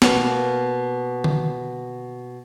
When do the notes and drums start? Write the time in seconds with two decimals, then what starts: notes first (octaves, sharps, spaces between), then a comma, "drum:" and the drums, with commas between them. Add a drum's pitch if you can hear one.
0.02 B2 A#3 F5, drum: snare
1.24 drum: tom D3